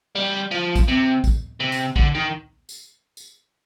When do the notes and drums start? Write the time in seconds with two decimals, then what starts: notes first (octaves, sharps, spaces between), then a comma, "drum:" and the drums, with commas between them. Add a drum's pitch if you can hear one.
0.15 G3
0.51 F3
0.76 drum: kick, tambourine
0.88 C3
1.24 drum: kick, tambourine
1.60 C3
1.72 drum: tambourine
1.96 D3, drum: kick
2.15 D#3
2.69 drum: tambourine
3.17 drum: tambourine